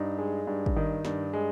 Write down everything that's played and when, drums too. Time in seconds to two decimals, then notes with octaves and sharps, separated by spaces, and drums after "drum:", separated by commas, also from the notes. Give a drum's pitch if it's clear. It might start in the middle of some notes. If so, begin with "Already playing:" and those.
Already playing: G2 D#4
0.18 G#3
0.47 G2
0.66 drum: kick
0.76 D#3
1.05 G2, drum: snare
1.33 G#3